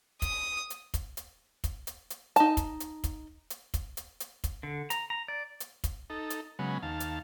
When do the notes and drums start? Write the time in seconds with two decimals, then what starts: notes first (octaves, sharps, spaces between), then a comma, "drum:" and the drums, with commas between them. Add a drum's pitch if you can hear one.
0.22 D#6, drum: kick, hi-hat
0.70 drum: hi-hat
0.94 drum: kick, hi-hat
1.17 drum: hi-hat
1.64 drum: kick, hi-hat
1.87 drum: hi-hat
2.10 drum: hi-hat
2.36 D#4 A5, drum: hi-hat
2.57 drum: kick, hi-hat
2.80 drum: hi-hat
3.04 drum: kick, hi-hat
3.50 drum: hi-hat
3.74 drum: kick, hi-hat
3.97 drum: hi-hat
4.20 drum: hi-hat
4.44 drum: kick, hi-hat
4.63 D3
4.90 A#5, drum: hi-hat
5.10 A#5
5.28 D5
5.60 drum: hi-hat
5.84 drum: kick, hi-hat
6.10 D#4 A4
6.30 drum: hi-hat
6.59 C#3 F#3 G#3 B3
6.83 D#2 F5 A5
7.00 drum: hi-hat